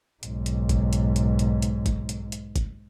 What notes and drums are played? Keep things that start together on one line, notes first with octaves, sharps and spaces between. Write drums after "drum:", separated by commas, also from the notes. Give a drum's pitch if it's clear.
B1 G#2, drum: hi-hat
drum: hi-hat
drum: kick, hi-hat
drum: hi-hat
drum: hi-hat
drum: hi-hat
drum: hi-hat
drum: kick, hi-hat
drum: hi-hat
drum: hi-hat
drum: kick, hi-hat